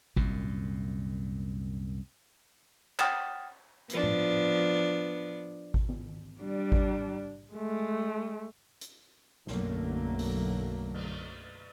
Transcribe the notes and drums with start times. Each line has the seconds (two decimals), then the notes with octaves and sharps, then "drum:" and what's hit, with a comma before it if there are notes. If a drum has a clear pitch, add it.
0.16 C2 F#2 A#2, drum: kick G#1
2.99 F#5 G5 D#6 F6 A6 E7, drum: clap
3.90 F3 B3 D4, drum: hi-hat
4.03 drum: tom A2
5.74 drum: kick G#1
5.89 drum: tom
6.40 G3 D4
6.72 drum: kick G#1
7.53 G#3 A3
8.81 drum: hi-hat
9.47 B1 F#2 D3 F#3 A3 A#3, drum: snare
10.19 drum: open hi-hat
10.94 drum: cymbal